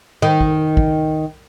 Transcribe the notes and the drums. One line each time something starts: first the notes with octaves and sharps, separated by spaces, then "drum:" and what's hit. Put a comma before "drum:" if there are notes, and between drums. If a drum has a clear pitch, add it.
D#3
drum: kick
drum: kick